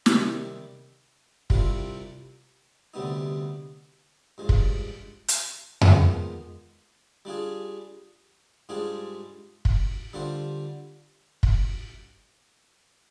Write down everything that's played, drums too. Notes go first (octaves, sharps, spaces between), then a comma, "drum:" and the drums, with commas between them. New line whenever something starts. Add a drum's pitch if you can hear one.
C3 D#3 G3, drum: snare
C2 C3 G3 C4 F4, drum: kick
D2 C3 G3 B3 D#4
G2 F3 G#3
drum: kick
drum: hi-hat
D#3 G#3 B3 F4 C5, drum: tom F2
G3 D4 F4 G#4
G#2 G3 D4 F4 G#4
drum: kick
D3 G3 D4 F4 C5
drum: kick